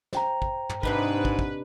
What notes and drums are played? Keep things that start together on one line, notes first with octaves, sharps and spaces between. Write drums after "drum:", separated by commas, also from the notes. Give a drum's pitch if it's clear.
C5 G5 A#5, drum: snare
drum: kick
drum: tom
G#2 C3 D4 D#4 B4, drum: kick
drum: kick
drum: kick